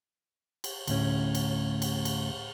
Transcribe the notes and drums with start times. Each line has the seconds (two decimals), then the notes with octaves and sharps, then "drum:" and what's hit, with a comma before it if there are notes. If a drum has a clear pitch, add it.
0.64 drum: cymbal
0.87 D2 A2 C#4, drum: cymbal
1.35 drum: cymbal
1.82 drum: cymbal
2.05 drum: cymbal